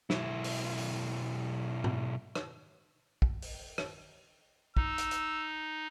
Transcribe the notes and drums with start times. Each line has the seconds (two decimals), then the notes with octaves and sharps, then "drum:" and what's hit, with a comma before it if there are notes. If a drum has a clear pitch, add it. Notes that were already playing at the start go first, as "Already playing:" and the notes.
0.10 B1 E4, drum: snare
0.44 drum: open hi-hat
0.77 drum: open hi-hat
1.84 drum: tom G#2
2.35 drum: rim click
3.22 drum: kick
3.42 drum: open hi-hat
3.78 drum: rim click
4.77 D#4 E6, drum: kick
4.98 drum: hi-hat
5.11 drum: hi-hat